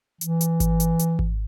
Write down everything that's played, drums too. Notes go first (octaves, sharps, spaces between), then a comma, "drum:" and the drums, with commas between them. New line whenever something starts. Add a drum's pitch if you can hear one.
E3, drum: hi-hat
drum: hi-hat
drum: kick G#1, hi-hat
drum: hi-hat
drum: hi-hat
drum: kick G#1